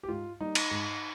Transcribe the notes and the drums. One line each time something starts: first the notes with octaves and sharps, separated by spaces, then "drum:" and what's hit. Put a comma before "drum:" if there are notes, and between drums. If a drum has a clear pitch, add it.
G4
G#2 F4
G3 A#3 D#4
drum: cymbal
G#2